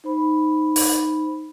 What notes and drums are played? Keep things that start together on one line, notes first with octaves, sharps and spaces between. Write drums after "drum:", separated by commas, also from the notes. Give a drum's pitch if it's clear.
D#4 C5 B5
drum: open hi-hat